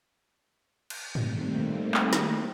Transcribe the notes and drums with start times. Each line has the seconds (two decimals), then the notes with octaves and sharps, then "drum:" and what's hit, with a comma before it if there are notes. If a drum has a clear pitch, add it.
0.90 drum: cymbal
1.15 D#3 G3 A3 A#3 C4, drum: tom G2
1.94 drum: clap
2.13 drum: snare